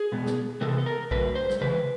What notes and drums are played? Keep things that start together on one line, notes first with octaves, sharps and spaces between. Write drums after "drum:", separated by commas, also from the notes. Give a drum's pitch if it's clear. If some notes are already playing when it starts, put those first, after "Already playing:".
Already playing: G#4
B2 G#3 B3
drum: snare
C3 E3 G#3 B3 A4
A4
A#4
F#2 D3 F#3 A3 B4, drum: kick A#1
C5
drum: snare
C#3 E3 G#3 B4